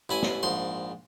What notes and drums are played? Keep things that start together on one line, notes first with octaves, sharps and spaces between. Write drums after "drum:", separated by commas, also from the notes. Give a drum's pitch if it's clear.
A1 E4 G#5
drum: snare
A#1 G#2 C6